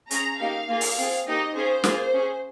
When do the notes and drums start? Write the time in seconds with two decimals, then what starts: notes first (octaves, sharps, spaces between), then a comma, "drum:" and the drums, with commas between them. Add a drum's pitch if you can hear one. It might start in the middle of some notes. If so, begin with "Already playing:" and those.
0.11 C#4 G#4 A#5, drum: hi-hat
0.39 A#3 D#4 G4 F5
0.68 A#3 F4 G#4
0.81 drum: open hi-hat
0.97 C4 F4 G#4
1.26 A#3 D#4 G4 D#5
1.55 C#4 F4 G#4 C5
1.84 A#3 F4 G#4, drum: snare
2.13 C#4 G#4